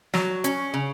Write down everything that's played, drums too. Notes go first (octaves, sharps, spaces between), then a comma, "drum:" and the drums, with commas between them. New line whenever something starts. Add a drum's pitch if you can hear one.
F#3, drum: snare
C#4, drum: hi-hat
C#3